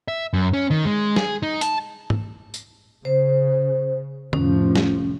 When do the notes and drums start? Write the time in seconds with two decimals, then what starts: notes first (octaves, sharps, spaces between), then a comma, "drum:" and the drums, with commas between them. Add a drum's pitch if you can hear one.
0.08 E5
0.33 F#2
0.54 C#4
0.71 D#3
0.85 G#3
1.16 G#4, drum: snare
1.43 D#4
1.61 A5, drum: hi-hat
2.10 drum: tom G#2
2.54 drum: tambourine
3.05 C#3 C5
4.33 F1 A2 F3 C#4, drum: tom D3
4.76 drum: snare